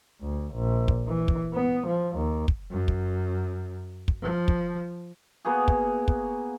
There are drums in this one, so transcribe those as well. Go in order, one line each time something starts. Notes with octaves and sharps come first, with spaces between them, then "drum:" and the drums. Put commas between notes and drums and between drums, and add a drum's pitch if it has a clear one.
D2
A#1
drum: kick
E3
drum: kick
B3
F3
D#2
drum: kick
F#2
drum: kick
drum: kick
F3
drum: kick
A#3 B3 F#4 G#4
drum: kick
drum: kick